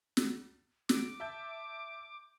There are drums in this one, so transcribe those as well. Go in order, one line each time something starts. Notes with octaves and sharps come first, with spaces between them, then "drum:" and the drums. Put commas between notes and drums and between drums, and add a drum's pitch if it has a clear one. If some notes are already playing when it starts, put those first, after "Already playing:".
drum: snare
D6, drum: snare
E5 A5 G6